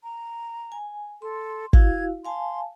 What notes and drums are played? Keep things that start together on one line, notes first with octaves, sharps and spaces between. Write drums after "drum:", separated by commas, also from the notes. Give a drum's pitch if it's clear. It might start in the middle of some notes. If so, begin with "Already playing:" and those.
A#5
G#5
A4 C6
E4 F#4 F5 G#6, drum: kick
F5 G#5 A5 C6